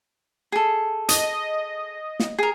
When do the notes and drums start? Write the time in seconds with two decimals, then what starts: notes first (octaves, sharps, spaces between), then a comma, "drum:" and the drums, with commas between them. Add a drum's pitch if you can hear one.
0.52 G#4 A4
1.09 D#5, drum: hi-hat
2.20 drum: snare
2.39 G#4 A#4